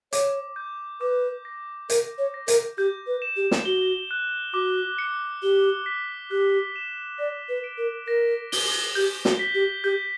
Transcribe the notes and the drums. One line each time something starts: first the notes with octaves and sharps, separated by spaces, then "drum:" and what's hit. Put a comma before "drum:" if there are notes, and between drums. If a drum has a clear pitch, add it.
C#5 D6, drum: hi-hat
G6
B4 D6
A#6
A#4 G6, drum: hi-hat
C#5
A#6
A#4, drum: hi-hat
G4 G6
B4
E7
G4
drum: snare
F#4 G7
F#6
F#4 D6
C#7
G4 G7
B6
G4 F#6
E7
D5 A#6
B4
D7
A#4
A#4 A#6
G7, drum: open hi-hat
G4 G6
F#4, drum: snare
B6
G4
G4 G6